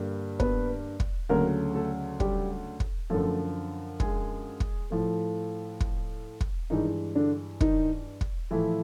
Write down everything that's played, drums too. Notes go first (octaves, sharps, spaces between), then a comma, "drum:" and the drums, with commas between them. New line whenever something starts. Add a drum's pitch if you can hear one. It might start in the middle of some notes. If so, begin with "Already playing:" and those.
Already playing: G2 D3 G3 A#3
B3 B4, drum: kick
drum: kick
D2 C#3 F#3 A3 A#3 A#4
A3 A4
G3 G4, drum: kick
drum: kick
F#2 D3 F3 A3 A4
G#3 G#4, drum: kick
drum: kick
A2 F3 A3
drum: kick
drum: kick
G2 D#3 E3 G#3 D#4
D3 D4
D#3 D#4, drum: kick
drum: kick
A2 E3 F3 A3 E4